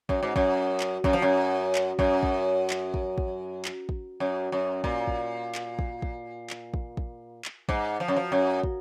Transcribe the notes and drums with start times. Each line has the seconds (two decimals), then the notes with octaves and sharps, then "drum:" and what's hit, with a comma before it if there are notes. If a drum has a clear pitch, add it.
0.09 F#2, drum: kick
0.23 G#2
0.36 F#2, drum: kick
0.80 drum: clap
1.04 F#2, drum: kick
1.13 F3
1.22 F#2
1.75 drum: clap
1.99 F#2, drum: kick
2.23 drum: kick
2.70 drum: clap
2.94 drum: kick
3.18 drum: kick
3.65 drum: clap
3.89 drum: kick
4.20 F#2
4.52 F#2
4.84 A#2, drum: kick
5.08 drum: kick
5.55 drum: clap
5.79 drum: kick
6.02 drum: kick
6.50 drum: clap
6.74 drum: kick
6.97 drum: kick
7.45 drum: clap
7.69 G#2, drum: kick
8.00 F3
8.08 F#2
8.16 F3
8.32 F#2
8.63 drum: kick